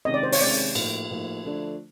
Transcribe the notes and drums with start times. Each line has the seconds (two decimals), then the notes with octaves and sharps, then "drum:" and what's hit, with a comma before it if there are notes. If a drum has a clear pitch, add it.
0.05 C3 D#3 G#3 C#4 D#5
0.14 D5
0.23 C5
0.32 C#5, drum: open hi-hat
0.41 C3 D#3 G#3 C#4 D5
0.57 drum: hi-hat
0.75 A2 F3 A#3 D#4, drum: cymbal
1.10 A2 F3 A#3 D#4
1.45 D3 F3 A3 D4